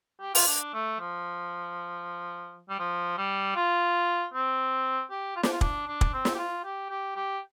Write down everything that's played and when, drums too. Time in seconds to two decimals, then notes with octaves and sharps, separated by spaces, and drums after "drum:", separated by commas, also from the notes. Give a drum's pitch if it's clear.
0.20 G4
0.35 F4, drum: open hi-hat
0.48 D4
0.74 A3
1.00 F3
2.69 G3
2.79 F3
3.18 G3
3.56 F4
4.34 C4
5.10 G4
5.36 F4
5.43 D4, drum: snare
5.52 F4
5.61 D4, drum: kick
5.88 D4
6.01 drum: kick
6.13 C4
6.25 drum: snare
6.35 G4
6.38 F4
6.64 G4
6.90 G4
7.16 G4